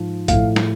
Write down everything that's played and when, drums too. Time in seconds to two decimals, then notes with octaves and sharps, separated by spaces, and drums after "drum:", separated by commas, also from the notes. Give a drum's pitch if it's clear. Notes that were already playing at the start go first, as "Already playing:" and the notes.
Already playing: G#2 F3
0.28 A2 F3 A3 F5, drum: kick A#1, hi-hat
0.56 drum: snare